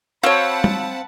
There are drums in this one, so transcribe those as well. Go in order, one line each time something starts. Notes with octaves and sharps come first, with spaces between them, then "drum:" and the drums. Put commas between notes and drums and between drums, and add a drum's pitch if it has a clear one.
C4 F#4 C#5 F5 F#5 A5 B5
drum: tom